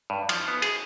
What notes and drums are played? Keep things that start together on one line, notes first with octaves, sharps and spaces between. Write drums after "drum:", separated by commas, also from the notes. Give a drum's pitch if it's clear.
G2
F3, drum: cymbal
B3
G#4, drum: cymbal